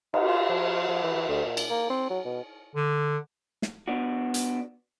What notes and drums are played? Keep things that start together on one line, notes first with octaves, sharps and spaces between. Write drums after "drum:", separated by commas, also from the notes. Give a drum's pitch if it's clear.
D#4, drum: cymbal
F4
F3
F3
E3
E3
D2
A#2
drum: cymbal
A#3
C4
F#3
B2
D3
drum: snare
B3 D4 F#4
drum: hi-hat